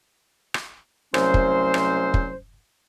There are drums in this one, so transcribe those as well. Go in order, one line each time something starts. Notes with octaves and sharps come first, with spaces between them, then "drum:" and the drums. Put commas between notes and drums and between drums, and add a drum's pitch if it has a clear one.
drum: rim click
C2 F#3 A3 C#4 C5, drum: rim click
drum: kick
drum: rim click
drum: kick